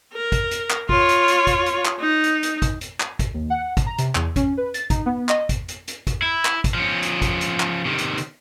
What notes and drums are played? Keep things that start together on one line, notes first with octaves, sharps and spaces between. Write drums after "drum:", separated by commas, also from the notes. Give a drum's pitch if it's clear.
A#4
drum: kick, hi-hat
drum: hi-hat
drum: clap
F4 C#5, drum: kick
drum: hi-hat
drum: hi-hat
drum: kick, hi-hat
drum: hi-hat
drum: clap
D#4
drum: hi-hat
drum: hi-hat
drum: kick, hi-hat
drum: hi-hat
drum: clap
drum: kick, hi-hat
D#2
F#5
drum: kick, hi-hat
A#5
C3, drum: hi-hat
E2, drum: clap
C#4, drum: kick, hi-hat
B4
A6, drum: hi-hat
D#4, drum: kick, hi-hat
B3
D#5, drum: clap
drum: kick, hi-hat
drum: hi-hat
drum: hi-hat
drum: kick, hi-hat
E4
drum: clap
drum: kick, hi-hat
F3 C#4
drum: hi-hat
drum: kick, hi-hat
drum: hi-hat
drum: clap
C3 D#3
drum: hi-hat
drum: hi-hat